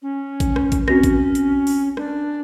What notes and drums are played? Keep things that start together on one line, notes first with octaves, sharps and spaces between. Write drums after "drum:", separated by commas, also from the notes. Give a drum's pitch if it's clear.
C#4
drum: kick A1, hi-hat
drum: rim click
drum: kick A1, hi-hat
C4 C#4 F#4 A#6, drum: rim click
drum: kick A1, hi-hat
drum: hi-hat
drum: open hi-hat
D4, drum: rim click